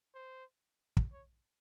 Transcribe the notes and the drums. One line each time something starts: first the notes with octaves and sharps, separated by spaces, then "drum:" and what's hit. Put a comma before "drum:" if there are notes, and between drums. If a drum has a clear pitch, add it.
C5
drum: kick
C#5